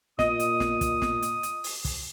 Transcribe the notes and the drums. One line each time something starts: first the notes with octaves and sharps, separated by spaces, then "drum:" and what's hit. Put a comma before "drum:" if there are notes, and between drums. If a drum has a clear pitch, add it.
A#2 D#5 D#6, drum: snare
drum: hi-hat
drum: snare
drum: kick, hi-hat
drum: snare
drum: hi-hat
drum: hi-hat
drum: open hi-hat
drum: kick, open hi-hat